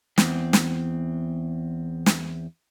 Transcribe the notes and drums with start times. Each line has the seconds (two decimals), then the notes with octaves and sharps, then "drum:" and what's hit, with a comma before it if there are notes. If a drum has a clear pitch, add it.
0.18 E2 C4, drum: snare
0.53 drum: snare
2.06 drum: snare